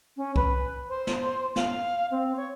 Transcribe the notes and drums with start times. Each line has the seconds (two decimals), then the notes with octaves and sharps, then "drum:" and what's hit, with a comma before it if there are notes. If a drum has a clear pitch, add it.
0.17 C#4
0.36 B4, drum: kick C2
0.89 C5
1.07 drum: snare
1.56 F5, drum: snare
2.11 C4
2.37 C#5